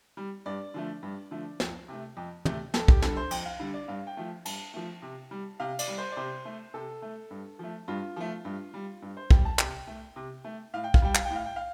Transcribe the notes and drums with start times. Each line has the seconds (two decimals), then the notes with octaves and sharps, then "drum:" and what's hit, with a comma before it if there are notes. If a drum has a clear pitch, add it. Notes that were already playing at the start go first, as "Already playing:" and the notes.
0.17 G3
0.46 G2 D5
0.74 D3 F3 A3
1.03 G2
1.31 D3 F3 A3
1.60 F2, drum: snare
1.88 C3 A3
2.17 F2
2.45 C3 A3, drum: tom
2.74 F2 A4, drum: snare
2.88 G4, drum: kick
3.02 D3 G3 A4, drum: snare
3.17 C5
3.31 F2 G5, drum: cymbal
3.45 F5
3.59 D3 G3
3.74 D5
3.88 G2 F5
4.07 G5
4.17 F3 A3
4.45 G2 A5, drum: cymbal
4.74 F3 A3
5.02 C3
5.31 G3
5.60 C3 F5
5.79 D5, drum: cymbal
5.88 G3
5.98 C5
6.12 D5
6.17 C3 C5
6.45 A3
6.74 C3 A4
7.02 A3
7.31 G2
7.59 F3 A3
7.88 G2 F4
8.16 F3 A3
8.45 G2
8.74 G3
9.02 G2
9.17 C5
9.31 G3 G5, drum: kick
9.45 A5
9.59 C3 G5, drum: clap
9.87 A3
10.16 C3
10.44 A3
10.74 A2 F5
10.84 G5
10.94 F5, drum: kick
11.02 G3 G5
11.15 F5, drum: clap
11.25 G5
11.30 A2
11.36 F5
11.46 G5
11.56 F5